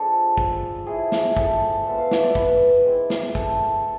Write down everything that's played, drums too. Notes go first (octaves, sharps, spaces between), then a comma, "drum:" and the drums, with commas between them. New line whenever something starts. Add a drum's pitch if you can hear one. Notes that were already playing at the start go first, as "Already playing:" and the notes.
Already playing: F3 G#3 D4 A4
drum: kick
F3 A3 E4 G#4
drum: snare
A4, drum: kick
G#3 B3 D4 F4 E5
F5
E5, drum: snare
D5
B4, drum: kick
G#3 C4 E4
drum: snare
A4, drum: kick